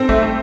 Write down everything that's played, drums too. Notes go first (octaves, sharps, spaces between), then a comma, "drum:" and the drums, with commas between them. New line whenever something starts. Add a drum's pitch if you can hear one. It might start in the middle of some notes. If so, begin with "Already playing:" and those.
Already playing: C4 A4
A3, drum: kick
A3